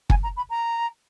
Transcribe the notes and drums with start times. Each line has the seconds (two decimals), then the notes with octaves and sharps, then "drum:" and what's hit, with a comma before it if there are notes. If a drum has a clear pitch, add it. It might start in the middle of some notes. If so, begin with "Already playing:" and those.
0.10 G#5, drum: kick
0.23 A#5
0.36 B5
0.50 A#5